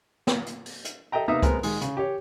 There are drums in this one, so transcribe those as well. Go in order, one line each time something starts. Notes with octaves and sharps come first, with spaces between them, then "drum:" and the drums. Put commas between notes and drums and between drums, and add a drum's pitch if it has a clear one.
drum: snare
drum: hi-hat
drum: open hi-hat
drum: hi-hat
A4 D#5 E5 G5 A#5
C3 A#3 B3 D#4 E5 D#6
G#3 B3 C4 A#4, drum: kick C#2, hi-hat
D#3 G#3, drum: open hi-hat
C#3, drum: hi-hat
G4 C#5